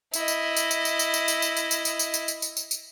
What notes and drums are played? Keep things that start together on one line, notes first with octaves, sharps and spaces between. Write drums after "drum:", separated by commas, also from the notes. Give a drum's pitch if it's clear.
E4 D#5, drum: tambourine
drum: tambourine
drum: tambourine
drum: tambourine
drum: tambourine
drum: tambourine
drum: tambourine
drum: tambourine
drum: tambourine
drum: tambourine
drum: tambourine
drum: tambourine
drum: tambourine
drum: tambourine
drum: tambourine
drum: tambourine
drum: tambourine
drum: tambourine